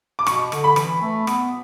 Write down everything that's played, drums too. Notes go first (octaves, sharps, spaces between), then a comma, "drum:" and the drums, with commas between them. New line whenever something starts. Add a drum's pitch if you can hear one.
D6
B2 C#6, drum: rim click
D3, drum: rim click
B5
E3, drum: rim click
A3
B3, drum: rim click